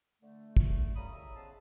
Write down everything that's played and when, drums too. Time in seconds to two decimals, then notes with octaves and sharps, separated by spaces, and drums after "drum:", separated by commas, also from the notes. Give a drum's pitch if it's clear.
0.21 D3 A3
0.57 drum: kick
0.95 F#2 C#3 G3 A#5 B5 D#6
1.12 A2 G3 E5 A#5 D#6
1.35 C#3 G#3 B3 G#4 C5 A5